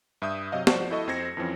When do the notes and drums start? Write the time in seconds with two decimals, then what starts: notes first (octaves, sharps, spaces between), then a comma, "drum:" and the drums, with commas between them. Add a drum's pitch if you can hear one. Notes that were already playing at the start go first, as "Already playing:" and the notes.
0.22 G2 E5 D#6 G6
0.52 C3 F#3 D#5 F5
0.67 F3 F#4 C5 D5, drum: snare
0.90 E4 F#4 A4 D#5 C#6
1.07 F2 C4 C5 G#6 A#6 C#7
1.37 F2 E3 F3 C4 C#4